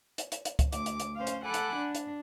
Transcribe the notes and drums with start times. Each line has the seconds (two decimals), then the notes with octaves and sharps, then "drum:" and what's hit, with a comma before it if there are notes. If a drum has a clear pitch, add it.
0.18 drum: hi-hat
0.32 drum: hi-hat
0.45 drum: hi-hat
0.59 drum: kick C#2, hi-hat
0.72 D2 D6, drum: hi-hat
0.86 drum: hi-hat
1.00 drum: hi-hat
1.16 C#4 C5 F5
1.27 drum: hi-hat
1.45 A4 F#5 G#5 B5 D6 F#6
1.54 drum: hi-hat
1.76 D4
1.95 drum: hi-hat